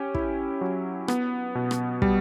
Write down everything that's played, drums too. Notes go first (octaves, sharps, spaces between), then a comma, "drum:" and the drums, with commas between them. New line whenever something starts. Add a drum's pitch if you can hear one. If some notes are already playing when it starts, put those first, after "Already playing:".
Already playing: C#4 G4
E4, drum: kick
F#3
B3, drum: rim click
B2
drum: rim click
G3, drum: kick